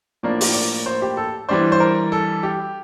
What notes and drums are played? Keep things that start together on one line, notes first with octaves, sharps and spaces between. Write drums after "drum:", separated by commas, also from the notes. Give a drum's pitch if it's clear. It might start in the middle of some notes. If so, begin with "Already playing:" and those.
A2 F3 A#3 D4 D5
drum: open hi-hat
D5
C5
G4
A4
E3 G3 D4 C5
C5
A#4
A4
G4